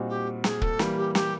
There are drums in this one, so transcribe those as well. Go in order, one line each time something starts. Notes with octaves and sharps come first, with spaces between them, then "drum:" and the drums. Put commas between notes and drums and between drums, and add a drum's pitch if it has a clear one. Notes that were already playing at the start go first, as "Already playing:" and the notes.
Already playing: A#2 G3 C4 D#4 F#4
G4
G#4, drum: snare
A4, drum: kick
E3 G3 A#3, drum: snare
G4
G4, drum: snare